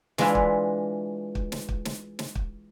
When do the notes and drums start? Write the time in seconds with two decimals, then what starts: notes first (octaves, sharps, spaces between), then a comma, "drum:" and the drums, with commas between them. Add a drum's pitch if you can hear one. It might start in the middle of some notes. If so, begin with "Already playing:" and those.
0.18 E3 G#3 D4 F4 B4 E5, drum: snare
0.35 drum: kick
1.35 drum: kick
1.52 drum: snare
1.69 drum: kick
1.85 drum: snare
2.19 drum: snare
2.35 drum: kick